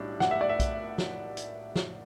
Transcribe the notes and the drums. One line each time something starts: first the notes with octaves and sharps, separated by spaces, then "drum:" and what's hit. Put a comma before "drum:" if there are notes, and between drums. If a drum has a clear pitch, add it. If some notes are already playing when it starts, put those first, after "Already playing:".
Already playing: B1 A2 G3 D4
F#5, drum: snare
E5
D5
E5
drum: kick B1, hi-hat
drum: snare
drum: hi-hat
drum: snare